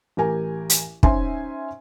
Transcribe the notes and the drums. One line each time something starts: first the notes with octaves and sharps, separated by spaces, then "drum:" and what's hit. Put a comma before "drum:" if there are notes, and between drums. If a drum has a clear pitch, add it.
A1 G4 A#4 G#5
drum: hi-hat
C#4 D#4 C5 E5 G#5 C6, drum: kick